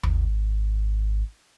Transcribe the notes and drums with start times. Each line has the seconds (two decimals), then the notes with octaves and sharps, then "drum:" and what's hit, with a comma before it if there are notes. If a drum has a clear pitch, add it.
0.03 G#1, drum: tom D#2